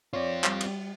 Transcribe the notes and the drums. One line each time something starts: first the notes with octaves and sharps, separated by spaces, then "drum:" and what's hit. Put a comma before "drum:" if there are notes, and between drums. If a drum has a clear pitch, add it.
C4 F4 C#5 D5
G3, drum: clap
drum: cymbal